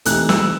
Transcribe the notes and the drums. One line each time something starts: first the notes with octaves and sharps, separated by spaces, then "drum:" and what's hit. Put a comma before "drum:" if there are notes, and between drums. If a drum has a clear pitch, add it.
C3 E3 A3 D#4 F#6, drum: hi-hat
E6, drum: snare